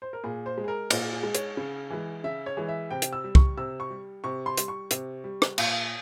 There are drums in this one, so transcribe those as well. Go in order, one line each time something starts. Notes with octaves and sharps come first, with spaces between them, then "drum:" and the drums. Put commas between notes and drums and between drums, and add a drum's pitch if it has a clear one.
C5
A#4
A#2 G#4
C5
G#3
G#4
A#4
A#2 G#4, drum: cymbal
G#4
G#3
C#5, drum: hi-hat
C#3
E3 G#3
C#3 E5
C#5
E3 G#3
E5
C3 G5
drum: hi-hat
E6
G3
C#6, drum: kick
C3 E6
C#6
G3
C3 C#6
C6
G3, drum: hi-hat
C#6
C3, drum: hi-hat
G3
drum: rim click
A#2, drum: cymbal